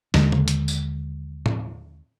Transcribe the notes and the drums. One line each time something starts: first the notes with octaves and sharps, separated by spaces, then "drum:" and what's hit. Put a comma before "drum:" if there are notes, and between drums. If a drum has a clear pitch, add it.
D#2 D3 G#3, drum: snare
drum: tom C#3
drum: hi-hat
drum: tambourine
drum: tom